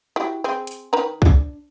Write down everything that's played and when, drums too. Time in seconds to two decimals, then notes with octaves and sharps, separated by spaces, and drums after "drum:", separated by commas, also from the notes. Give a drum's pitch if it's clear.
0.16 E4 F#4 G4
0.44 C4 G#4
0.67 drum: hi-hat
0.93 D#3 B4 A#5
1.22 D4, drum: kick C2